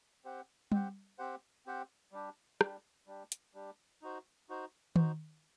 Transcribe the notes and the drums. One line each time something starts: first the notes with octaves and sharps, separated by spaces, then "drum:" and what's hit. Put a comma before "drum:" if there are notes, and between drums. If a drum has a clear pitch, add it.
C4 G4 C5 F#5
C4 G4 C5 F#5, drum: tom G3
C4 G4 C5 F#5
C4 G4 C5 F#5
G3 D4 G4
G3 D4 G4, drum: rim click
G3 D4 G4
drum: hi-hat
G3 D4 G4
D#4 F#4 C5
D#4 F#4 C5
D#4 F#4 C5, drum: tom D#3